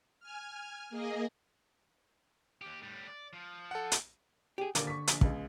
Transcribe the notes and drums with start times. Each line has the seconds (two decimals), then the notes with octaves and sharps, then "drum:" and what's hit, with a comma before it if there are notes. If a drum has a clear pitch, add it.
0.20 G#5 F6
0.90 A#3 G#4 D#5
2.61 D#2 G4
2.82 A2 G3
3.07 D5
3.33 F3
3.71 A4 F#5
3.92 drum: hi-hat
4.58 G4 G#4
4.75 D#1 D3 A#3, drum: hi-hat
4.87 C#6 B6
5.07 A#1, drum: hi-hat
5.21 C#2 G#3, drum: kick